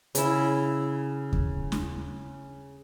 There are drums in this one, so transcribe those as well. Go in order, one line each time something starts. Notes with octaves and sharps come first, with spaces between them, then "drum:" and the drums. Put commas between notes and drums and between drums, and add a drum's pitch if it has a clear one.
C#3 E4, drum: hi-hat
drum: kick D#2
drum: snare